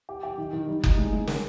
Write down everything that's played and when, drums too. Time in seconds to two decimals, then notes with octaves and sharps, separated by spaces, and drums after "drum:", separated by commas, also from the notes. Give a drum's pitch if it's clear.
0.09 G4
0.23 G4
0.38 D#3
0.53 D#3
0.68 G3
0.84 D#4, drum: kick F#1
0.98 G#3
1.13 G#3
1.27 A#4, drum: snare